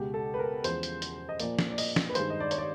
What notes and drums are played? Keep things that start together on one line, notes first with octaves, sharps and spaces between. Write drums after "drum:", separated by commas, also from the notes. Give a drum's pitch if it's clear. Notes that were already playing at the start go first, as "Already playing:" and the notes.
Already playing: C#2 B2 G#3 G4
A4
B4
A#4
E2 C#3 F3 G#3 C5, drum: hi-hat
drum: hi-hat
drum: hi-hat
D#5
A#2 F3 A#3 D5, drum: hi-hat
drum: snare
D5
D#5, drum: open hi-hat
drum: snare
B4
G2 D#3 G#3 C5, drum: hi-hat
D#5
D5
C#5, drum: hi-hat
D5